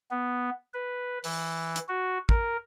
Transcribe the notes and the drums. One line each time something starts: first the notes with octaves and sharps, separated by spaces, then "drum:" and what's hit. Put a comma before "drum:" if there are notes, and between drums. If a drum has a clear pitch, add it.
B3
B4
E3, drum: open hi-hat
drum: hi-hat
F#4
A#4, drum: kick